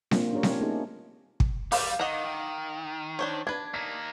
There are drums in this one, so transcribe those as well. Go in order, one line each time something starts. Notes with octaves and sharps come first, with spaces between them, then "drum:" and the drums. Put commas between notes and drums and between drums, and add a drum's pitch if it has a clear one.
A#3 D4 F4, drum: snare C4
C#4 D4 G4 A#4 C#5
drum: snare C4
A3 C4 C#4 D#4 G#4
drum: kick
G3 F5 D6 G6, drum: open hi-hat
D#3 D#5 F#5 A#5
D#3
D4 C5 C#5
D4 B4 G#6
A#3 D#4 B6